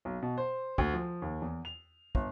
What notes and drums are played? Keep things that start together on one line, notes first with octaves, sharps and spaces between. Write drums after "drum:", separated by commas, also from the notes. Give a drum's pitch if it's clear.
B1
B2
C5
D2, drum: kick
F3
D#2
E2
F7
G1, drum: kick